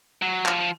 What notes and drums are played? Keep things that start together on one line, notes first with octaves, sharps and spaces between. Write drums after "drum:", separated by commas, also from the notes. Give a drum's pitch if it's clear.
F#3
F3, drum: clap